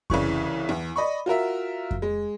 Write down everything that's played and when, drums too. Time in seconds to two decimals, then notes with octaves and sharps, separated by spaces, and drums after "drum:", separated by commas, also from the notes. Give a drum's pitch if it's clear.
0.10 C2 C#3 E3 C#6, drum: kick F2
0.69 E2
0.96 D5 D#5 B5 C#6
1.26 F4 F#4 A#4 E5
1.91 drum: kick F2
2.02 G#3